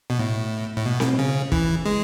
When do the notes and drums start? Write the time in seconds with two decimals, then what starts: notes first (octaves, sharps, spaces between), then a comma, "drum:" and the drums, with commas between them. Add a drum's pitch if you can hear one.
0.10 B2
0.19 A2
0.77 A2
0.86 B2
1.00 drum: snare C4
1.19 C#3
1.52 E3, drum: kick
1.85 G#3